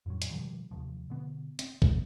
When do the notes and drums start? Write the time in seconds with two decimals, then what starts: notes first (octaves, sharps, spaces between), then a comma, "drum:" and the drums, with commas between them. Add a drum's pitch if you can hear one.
0.06 F2 A2 F#3
0.22 drum: hi-hat
0.31 B2 D#3 F3 G3
0.71 D#2 C3 F3
1.10 B2 D3 B3
1.59 C4, drum: hi-hat
1.82 drum: kick